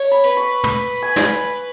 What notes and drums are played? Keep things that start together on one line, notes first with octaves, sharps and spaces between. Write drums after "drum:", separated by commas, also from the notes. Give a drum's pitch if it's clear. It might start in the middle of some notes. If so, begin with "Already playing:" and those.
Already playing: C#5
B5
B4, drum: hi-hat
C#6
B5, drum: tom
G#5
drum: snare